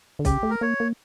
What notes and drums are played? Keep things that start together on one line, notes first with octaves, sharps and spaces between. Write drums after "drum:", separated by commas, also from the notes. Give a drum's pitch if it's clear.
D3
C#3 G4, drum: kick B1, hi-hat
A3
A#4
A#3 C#5
A#3